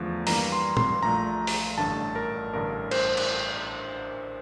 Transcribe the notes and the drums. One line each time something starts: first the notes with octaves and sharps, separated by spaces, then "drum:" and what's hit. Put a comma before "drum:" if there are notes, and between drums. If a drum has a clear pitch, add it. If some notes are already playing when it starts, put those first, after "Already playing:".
Already playing: E2 D3 F3 A3
G2 E3 G3 A#3 A#5, drum: open hi-hat
C6
C6, drum: tom
A#1 A#2 A3 A#5
drum: open hi-hat
A1 G2 D3 A3 A5
A#4
A1 G2 D3 A#4
C5, drum: cymbal
drum: cymbal